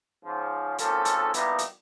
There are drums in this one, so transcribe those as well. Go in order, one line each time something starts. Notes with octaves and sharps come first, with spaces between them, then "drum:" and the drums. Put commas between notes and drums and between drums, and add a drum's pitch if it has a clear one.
G#2 F3 C#4
G#1 D#2 F3 C#4 A4, drum: hi-hat
drum: hi-hat
B2 G3 A#3 B3 D#4 E4, drum: hi-hat
drum: hi-hat